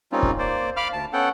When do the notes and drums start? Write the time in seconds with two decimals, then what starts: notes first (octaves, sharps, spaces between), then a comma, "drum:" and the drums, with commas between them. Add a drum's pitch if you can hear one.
0.12 G3 A#3 C4 C#4 D#4 F4
0.23 drum: kick
0.39 A#3 C5 D5
0.77 F5 B5 D6 F6
0.93 D2 A5
1.13 B3 C#4 A4 F#5 G5